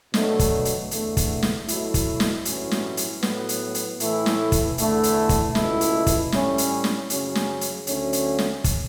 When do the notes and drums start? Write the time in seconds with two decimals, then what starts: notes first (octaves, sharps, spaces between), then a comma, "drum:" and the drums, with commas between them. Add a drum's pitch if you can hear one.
0.14 B2 F#3 A3 D4, drum: snare
0.39 drum: kick, hi-hat
0.65 drum: hi-hat
0.91 E2 D3 A3, drum: hi-hat
1.17 drum: kick, hi-hat
1.43 drum: snare
1.68 B2 F#3 A3 E4, drum: hi-hat
1.94 drum: kick, hi-hat
2.20 drum: snare
2.45 A1 G2 F#3 C#4 E4, drum: hi-hat
2.71 drum: snare
2.97 drum: hi-hat
3.23 A2 F#3 B3, drum: snare
3.49 drum: hi-hat
3.75 drum: hi-hat
4.00 A2 E3 A3 E4, drum: hi-hat
4.26 drum: snare
4.52 drum: kick, hi-hat
4.78 E2 D3 A3 E4, drum: hi-hat
5.03 drum: hi-hat
5.29 drum: kick, hi-hat
5.55 C#2 B2 A3 E4, drum: snare
5.81 drum: hi-hat
6.07 drum: kick, hi-hat
6.32 A2 G3 C#4 E4, drum: snare
6.58 drum: hi-hat
6.84 drum: snare
7.10 F#2 C#3 F#3 C#4, drum: hi-hat
7.35 drum: snare
7.61 drum: hi-hat
7.87 D2 D3 F#3 A3 C#4, drum: hi-hat
8.13 drum: hi-hat
8.39 drum: snare
8.64 drum: kick, hi-hat